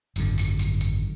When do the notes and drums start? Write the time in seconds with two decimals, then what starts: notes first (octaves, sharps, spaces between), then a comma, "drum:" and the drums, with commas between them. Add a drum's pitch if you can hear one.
0.16 G#1 F#2 D3, drum: tambourine
0.38 drum: tambourine
0.59 drum: tambourine
0.81 drum: tambourine